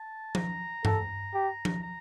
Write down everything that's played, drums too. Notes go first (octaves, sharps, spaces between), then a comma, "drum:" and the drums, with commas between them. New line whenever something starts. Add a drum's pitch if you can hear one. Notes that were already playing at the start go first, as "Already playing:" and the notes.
Already playing: A5
A#5, drum: tom F3
A4, drum: tom G2
G4
drum: tom F3
A#5